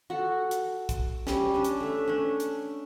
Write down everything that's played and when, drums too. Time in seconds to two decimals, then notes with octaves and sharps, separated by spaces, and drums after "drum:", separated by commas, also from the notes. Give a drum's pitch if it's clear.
0.10 F#4 A4 F#5
0.51 drum: hi-hat
0.89 drum: kick, hi-hat
1.27 G3 C#4, drum: snare
1.54 C#4 D4
1.64 drum: hi-hat
1.80 A3 E5
2.08 C#4 D4
2.40 drum: hi-hat